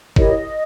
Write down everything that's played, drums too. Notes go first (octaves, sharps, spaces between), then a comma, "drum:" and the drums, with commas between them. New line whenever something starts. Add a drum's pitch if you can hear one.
E4 G4 A#4 C#5 D#5, drum: kick